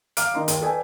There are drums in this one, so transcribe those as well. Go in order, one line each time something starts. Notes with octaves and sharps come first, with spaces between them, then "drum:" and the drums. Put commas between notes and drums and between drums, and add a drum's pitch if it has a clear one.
F5 A#5 D6 F6 D7, drum: hi-hat
D#3 D#4 A#5 C6
D#2, drum: hi-hat
A4 B4 D5 G5 G#5